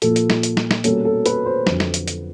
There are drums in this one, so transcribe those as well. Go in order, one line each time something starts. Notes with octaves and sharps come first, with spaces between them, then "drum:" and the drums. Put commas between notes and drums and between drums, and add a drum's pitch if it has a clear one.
A#2 F3 A#3 A4, drum: hi-hat
drum: hi-hat
drum: snare
drum: hi-hat
drum: snare
drum: snare
B2 G3 A#3 C#4 A4, drum: hi-hat
A4
B4, drum: hi-hat
C5
F2 D3 F#3, drum: snare
drum: snare
drum: hi-hat
drum: hi-hat